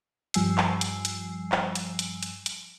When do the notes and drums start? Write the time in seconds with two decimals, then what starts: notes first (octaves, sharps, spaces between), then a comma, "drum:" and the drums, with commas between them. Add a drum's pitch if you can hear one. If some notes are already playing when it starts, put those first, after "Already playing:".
0.34 G2 F3 G3 G#5 E6 C7, drum: hi-hat
0.58 drum: clap
0.81 drum: hi-hat
1.05 drum: hi-hat
1.52 drum: clap
1.75 drum: hi-hat
1.99 drum: hi-hat
2.23 drum: hi-hat
2.46 drum: hi-hat